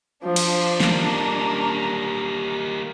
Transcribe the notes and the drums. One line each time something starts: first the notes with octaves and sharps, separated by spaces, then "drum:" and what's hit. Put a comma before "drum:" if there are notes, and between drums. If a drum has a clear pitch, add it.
F3 D4
drum: cymbal
G3 A#3 A#5, drum: snare